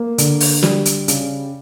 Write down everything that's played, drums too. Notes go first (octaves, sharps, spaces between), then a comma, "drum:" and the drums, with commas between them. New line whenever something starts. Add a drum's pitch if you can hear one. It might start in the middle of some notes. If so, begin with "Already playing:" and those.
Already playing: A#3
D3, drum: hi-hat
drum: open hi-hat
G3, drum: snare
drum: hi-hat
C#3, drum: hi-hat